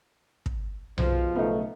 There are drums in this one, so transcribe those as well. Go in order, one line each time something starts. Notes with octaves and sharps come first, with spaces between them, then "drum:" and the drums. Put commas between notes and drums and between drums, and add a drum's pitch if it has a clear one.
drum: kick
G#2 B2 F3, drum: tom B1
B1 C#3 A3 B3 D#4